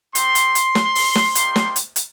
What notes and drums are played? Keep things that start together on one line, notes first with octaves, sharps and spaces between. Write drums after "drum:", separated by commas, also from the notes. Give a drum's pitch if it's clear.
C4 G4 C6, drum: hi-hat
drum: hi-hat
drum: hi-hat
drum: snare
drum: open hi-hat
drum: snare
G3 A#3 D#4 G4, drum: hi-hat
drum: snare
drum: hi-hat
drum: hi-hat